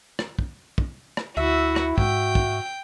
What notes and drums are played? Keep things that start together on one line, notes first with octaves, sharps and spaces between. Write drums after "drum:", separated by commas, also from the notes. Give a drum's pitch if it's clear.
drum: rim click
drum: kick
drum: kick
drum: rim click
D2 E4 F#4 E5
drum: rim click
G#2 F#4 G5, drum: kick
drum: kick